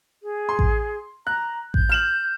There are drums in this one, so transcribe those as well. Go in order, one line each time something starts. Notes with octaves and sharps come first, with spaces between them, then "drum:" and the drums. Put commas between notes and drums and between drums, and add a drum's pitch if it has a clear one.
G#4
C6
drum: kick A1
A#5 F#6
G6, drum: kick A1
F6 E7 F#7